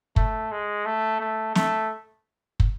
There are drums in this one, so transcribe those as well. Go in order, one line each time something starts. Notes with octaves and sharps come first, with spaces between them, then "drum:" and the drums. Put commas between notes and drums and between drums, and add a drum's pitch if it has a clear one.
A3, drum: kick
G#3
A3
A3
A3, drum: snare
drum: kick